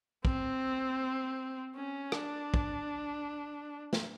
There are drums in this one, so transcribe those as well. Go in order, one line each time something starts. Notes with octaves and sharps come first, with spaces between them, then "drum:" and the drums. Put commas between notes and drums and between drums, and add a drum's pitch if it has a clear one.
C4, drum: kick
C#4
D4, drum: rim click
drum: kick
drum: snare